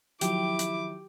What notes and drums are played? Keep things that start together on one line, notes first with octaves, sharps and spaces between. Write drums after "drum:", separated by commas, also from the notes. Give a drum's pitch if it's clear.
D#3 F3 F#3 E4 G4 D6, drum: hi-hat
drum: hi-hat